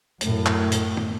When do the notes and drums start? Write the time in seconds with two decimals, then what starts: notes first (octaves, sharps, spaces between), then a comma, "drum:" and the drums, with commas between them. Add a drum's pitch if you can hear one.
0.21 F#2 A2, drum: hi-hat
0.46 drum: clap
0.72 drum: hi-hat
0.97 drum: tom